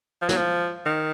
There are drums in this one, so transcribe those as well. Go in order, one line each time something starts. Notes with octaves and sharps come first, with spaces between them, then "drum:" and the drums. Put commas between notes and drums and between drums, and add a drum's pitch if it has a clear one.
F3
F#3, drum: snare
F3
D#3